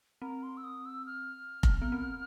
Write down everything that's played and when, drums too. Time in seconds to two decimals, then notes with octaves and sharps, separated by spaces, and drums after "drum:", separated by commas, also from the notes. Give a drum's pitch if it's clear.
0.22 C4 A#5
0.43 C6
0.57 E6
0.64 D#6
0.86 E6
1.06 F6
1.63 drum: kick F1
1.82 B3
1.92 C4